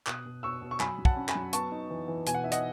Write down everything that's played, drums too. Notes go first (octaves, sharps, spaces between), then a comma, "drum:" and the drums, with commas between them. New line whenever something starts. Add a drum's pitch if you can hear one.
B2 D#6 F#6, drum: clap
B2
B2 C#6 E6
B2
C#6
F#3 G#5 B5, drum: clap
F#3
F#5 A5, drum: kick
C#4
G#5 B5, drum: clap
F#3
B3 A5 C#6, drum: hi-hat
D#4
E3
E3
B2 G#5, drum: hi-hat
F#5
D#4 E5
D#5 F#5, drum: hi-hat